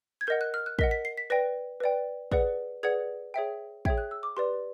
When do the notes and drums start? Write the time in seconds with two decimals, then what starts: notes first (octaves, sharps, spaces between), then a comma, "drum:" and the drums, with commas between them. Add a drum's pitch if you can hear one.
0.21 G#6
0.27 A#4 D#5 F#5 G6
0.41 F#6
0.54 F6
0.66 F#6
0.79 A#4 D#5 F#5 B6, drum: kick
0.91 B6
1.05 C7
1.17 B6
1.30 B4 D5 G5 A#6
1.80 B4 D5 G5
2.32 G#4 B4 D5 F#5, drum: kick
2.83 G#4 B4 D5 F#5 G#6
3.34 G#4 C#5 E5 G5
3.85 G#4 C#5 E5 G5 G#6, drum: kick
3.98 F#6
4.11 E6
4.23 D6
4.37 G4 B4 D5 C6